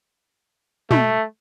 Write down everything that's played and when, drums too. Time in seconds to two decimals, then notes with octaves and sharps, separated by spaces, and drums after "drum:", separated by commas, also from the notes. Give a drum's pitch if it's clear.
0.91 B2 A3, drum: tom